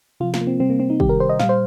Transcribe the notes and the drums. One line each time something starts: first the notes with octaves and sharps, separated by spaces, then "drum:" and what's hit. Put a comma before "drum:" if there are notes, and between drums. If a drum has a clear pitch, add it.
C3 F3 F4
F4, drum: snare
A#3
C4
C3 G3 C4
A#3
C4
D#4
C3 D#3 G3 G4, drum: kick
A#4
C5
D#5
A#2 G3 F5, drum: snare
C5